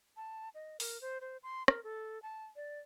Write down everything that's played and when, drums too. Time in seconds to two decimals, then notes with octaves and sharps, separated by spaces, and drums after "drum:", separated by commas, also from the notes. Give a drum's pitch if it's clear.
0.17 A5
0.55 D#5
0.80 A#4, drum: open hi-hat
1.01 C5
1.21 C5
1.43 C6
1.68 A#4, drum: rim click
1.84 A4
2.22 A5
2.56 D5